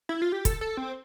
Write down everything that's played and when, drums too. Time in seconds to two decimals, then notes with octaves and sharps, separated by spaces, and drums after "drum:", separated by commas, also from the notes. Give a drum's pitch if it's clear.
0.09 E4
0.22 F4
0.32 G4
0.45 A4, drum: kick, hi-hat
0.61 A4
0.77 C4